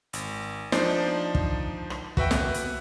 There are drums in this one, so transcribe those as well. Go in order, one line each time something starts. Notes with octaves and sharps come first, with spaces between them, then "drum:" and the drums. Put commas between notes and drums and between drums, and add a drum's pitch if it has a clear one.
G#1, drum: hi-hat
F3 D4 D#4 C5 D5, drum: snare
drum: kick
drum: rim click
F#4 B4 E5 G5, drum: kick
drum: snare
drum: hi-hat